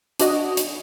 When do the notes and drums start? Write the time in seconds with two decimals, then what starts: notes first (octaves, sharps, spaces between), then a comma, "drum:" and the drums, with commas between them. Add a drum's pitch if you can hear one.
0.19 D4 F#4 D#5, drum: hi-hat
0.57 drum: hi-hat